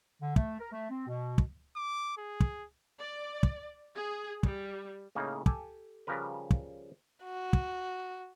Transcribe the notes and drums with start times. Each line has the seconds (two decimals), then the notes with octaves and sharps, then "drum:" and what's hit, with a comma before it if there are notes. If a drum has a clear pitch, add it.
0.21 D3
0.36 A3, drum: kick
0.59 A#4
0.72 A3
0.90 C4
1.07 B2
1.38 drum: kick
1.76 D6
2.18 G#4
2.40 drum: kick
2.98 D5
3.43 drum: kick
3.94 G#4
4.43 G3, drum: kick
5.15 A2 C#3 A#3 D#4
5.46 G4 A4 G5 G#5, drum: kick
6.07 C#3 F3 G3 A#4 B4
6.51 drum: kick
7.24 F#4
7.53 drum: kick